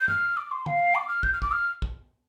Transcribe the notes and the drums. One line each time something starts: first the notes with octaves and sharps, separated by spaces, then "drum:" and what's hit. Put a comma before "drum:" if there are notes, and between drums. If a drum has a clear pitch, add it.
G6
F6, drum: tom
D6
C6
F5, drum: tom
D6
F6
G6, drum: kick
F6
D6, drum: kick
F6
drum: kick